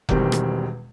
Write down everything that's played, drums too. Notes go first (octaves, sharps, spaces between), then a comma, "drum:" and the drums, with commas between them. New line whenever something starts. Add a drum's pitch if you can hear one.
E1 E2 D#3 G3 C4, drum: kick F1
drum: rim click